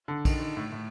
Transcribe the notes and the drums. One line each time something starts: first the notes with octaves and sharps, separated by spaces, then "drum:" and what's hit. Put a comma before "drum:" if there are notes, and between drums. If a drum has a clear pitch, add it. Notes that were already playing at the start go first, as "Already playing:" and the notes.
D3
D#3, drum: kick A#1, cymbal
D#3
A2
A2